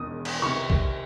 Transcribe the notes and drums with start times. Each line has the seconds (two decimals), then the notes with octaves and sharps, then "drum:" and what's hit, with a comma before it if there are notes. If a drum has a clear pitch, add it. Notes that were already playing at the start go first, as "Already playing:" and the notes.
Already playing: E1 E2 D#3 D#6
0.25 drum: cymbal
0.42 C2 C3 D#3 C#6
0.70 drum: kick B1